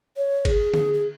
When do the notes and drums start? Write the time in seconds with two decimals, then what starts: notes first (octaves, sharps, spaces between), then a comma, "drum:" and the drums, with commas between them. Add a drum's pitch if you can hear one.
0.17 C#5
0.45 G#4, drum: kick, cymbal
0.74 G#4, drum: tom D3
0.94 G#4